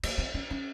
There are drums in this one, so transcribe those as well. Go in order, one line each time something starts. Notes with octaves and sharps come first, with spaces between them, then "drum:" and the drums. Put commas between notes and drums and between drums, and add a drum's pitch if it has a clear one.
A#3, drum: cymbal
C4
C#4
C#4